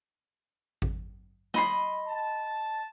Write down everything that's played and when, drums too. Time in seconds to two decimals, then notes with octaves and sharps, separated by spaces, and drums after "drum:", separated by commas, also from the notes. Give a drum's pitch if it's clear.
0.82 drum: kick G#1
1.54 D#5 B5 C6, drum: snare
2.08 A5